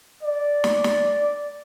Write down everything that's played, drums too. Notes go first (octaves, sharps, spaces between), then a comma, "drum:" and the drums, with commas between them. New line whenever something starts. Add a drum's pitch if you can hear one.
D5
drum: snare
drum: snare